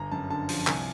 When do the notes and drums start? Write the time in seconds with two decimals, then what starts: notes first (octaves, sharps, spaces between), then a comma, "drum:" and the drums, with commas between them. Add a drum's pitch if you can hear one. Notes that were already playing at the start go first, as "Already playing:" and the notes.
Already playing: G1 A#5
0.11 F#2 A5
0.30 D3 A5
0.49 F3, drum: open hi-hat
0.67 C2 G#5, drum: clap